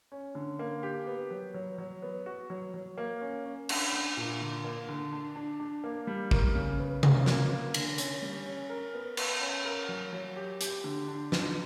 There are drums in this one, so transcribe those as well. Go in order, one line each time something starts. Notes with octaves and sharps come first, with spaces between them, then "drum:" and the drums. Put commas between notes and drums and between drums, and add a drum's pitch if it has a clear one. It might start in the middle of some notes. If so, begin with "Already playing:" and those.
C#4
D3
A#3
G4
B3
F#3
F#3
F#3
B3
F#4
F#3
F#3
A#3
C#4
C#4
D4, drum: cymbal
D4
A#2
D3
A#3
D3
D4
D4
D4
A#3
G3
A#4, drum: kick
C#3
B3
C#3, drum: tom C3
A#3, drum: snare
A#3
D3, drum: cymbal
C#4, drum: hi-hat
G3
C#4
A#4
B3
B3, drum: cymbal
C#4
A#4
F#3
F#3
G4
G4, drum: hi-hat
D3
D4
D3, drum: snare